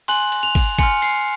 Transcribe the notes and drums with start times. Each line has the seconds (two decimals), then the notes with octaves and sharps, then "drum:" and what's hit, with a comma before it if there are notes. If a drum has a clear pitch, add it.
0.08 G#5 C6 F#6 F#7, drum: cymbal
0.32 drum: cymbal
0.43 F7
0.55 drum: kick, cymbal
0.79 G#5 C6 F6 C#7, drum: kick, cymbal
1.02 C7, drum: cymbal